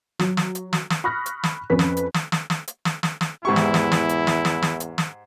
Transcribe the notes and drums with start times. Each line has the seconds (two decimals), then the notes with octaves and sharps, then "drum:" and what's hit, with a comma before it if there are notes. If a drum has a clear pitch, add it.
0.19 F#3, drum: snare
0.37 drum: snare
0.55 drum: hi-hat
0.73 drum: snare
0.90 drum: snare
1.04 B5 C#6 D#6 F6 F#6 A#6
1.26 drum: hi-hat
1.43 drum: snare
1.70 F2 C#4 B4 B6
1.79 drum: snare
1.97 drum: hi-hat
2.14 drum: snare
2.32 drum: snare
2.50 drum: snare
2.68 drum: hi-hat
2.85 drum: snare
3.03 drum: snare
3.21 drum: snare
3.45 E2 G#2 E4 G4 C#6
3.56 drum: snare
3.74 drum: snare
3.92 drum: snare
4.09 drum: hi-hat
4.27 drum: snare
4.45 drum: snare
4.62 drum: snare
4.80 drum: hi-hat
4.98 drum: snare